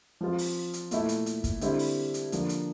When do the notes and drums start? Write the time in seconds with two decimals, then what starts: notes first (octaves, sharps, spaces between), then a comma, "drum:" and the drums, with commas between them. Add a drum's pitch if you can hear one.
0.21 F3 C4 F4
0.38 drum: open hi-hat
0.73 drum: hi-hat
0.91 A#2 A3 E4, drum: hi-hat
1.09 drum: hi-hat
1.26 drum: hi-hat
1.44 drum: kick, hi-hat
1.61 D3 G3 C4 E4, drum: hi-hat
1.79 drum: open hi-hat
2.14 drum: hi-hat
2.32 D3 F3 A#3 D4, drum: hi-hat
2.49 drum: hi-hat